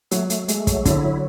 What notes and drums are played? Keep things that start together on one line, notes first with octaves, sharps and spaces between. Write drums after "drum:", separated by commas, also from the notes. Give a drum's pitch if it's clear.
F#3 A3, drum: hi-hat
A3, drum: hi-hat
G#3 A3, drum: hi-hat
F#3, drum: kick, hi-hat
D3 E4, drum: kick, hi-hat
F#3